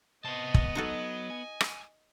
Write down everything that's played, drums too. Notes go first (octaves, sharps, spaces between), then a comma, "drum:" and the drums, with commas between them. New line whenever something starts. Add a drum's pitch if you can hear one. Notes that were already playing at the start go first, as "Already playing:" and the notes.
C3 B3 C5 D#5 A5
drum: kick
F#3 D#4 F#4 A4
G#5
drum: rim click